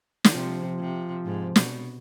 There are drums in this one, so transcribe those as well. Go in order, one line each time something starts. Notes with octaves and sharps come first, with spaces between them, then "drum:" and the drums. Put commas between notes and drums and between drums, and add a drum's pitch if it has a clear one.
D#3, drum: snare
C3 F3
C3
G#2
B2, drum: snare